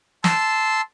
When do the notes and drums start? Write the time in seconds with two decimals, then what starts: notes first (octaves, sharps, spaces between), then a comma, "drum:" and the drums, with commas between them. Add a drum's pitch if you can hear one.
0.24 A5 C6 E6, drum: snare